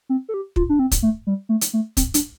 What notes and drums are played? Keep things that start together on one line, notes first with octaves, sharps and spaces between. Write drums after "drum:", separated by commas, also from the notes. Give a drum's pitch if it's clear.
C4
A4
G4
F4, drum: kick
D4
C4
drum: kick, hi-hat
A3
G3
A3
drum: hi-hat
A3
C4, drum: kick, hi-hat
D4, drum: hi-hat